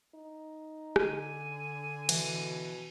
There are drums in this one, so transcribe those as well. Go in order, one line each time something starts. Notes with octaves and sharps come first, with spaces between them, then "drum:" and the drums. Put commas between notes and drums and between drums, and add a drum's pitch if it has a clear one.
D#4
D3 G#5, drum: rim click
B2 E3, drum: cymbal